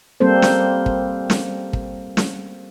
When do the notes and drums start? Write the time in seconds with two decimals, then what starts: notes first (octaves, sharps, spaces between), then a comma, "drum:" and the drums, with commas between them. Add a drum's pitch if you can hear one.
0.20 G3 A#3 C4 A4 C5
0.42 drum: snare
0.86 drum: kick
1.30 drum: snare
1.73 drum: kick
2.17 drum: snare